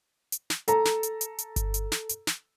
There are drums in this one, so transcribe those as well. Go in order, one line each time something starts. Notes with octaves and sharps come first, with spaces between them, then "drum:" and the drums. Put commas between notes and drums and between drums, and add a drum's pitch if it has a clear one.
drum: hi-hat
drum: snare
A4 A#5, drum: hi-hat
drum: snare
drum: hi-hat
drum: hi-hat
drum: hi-hat
drum: kick G1, hi-hat
drum: hi-hat
drum: snare
drum: hi-hat
drum: snare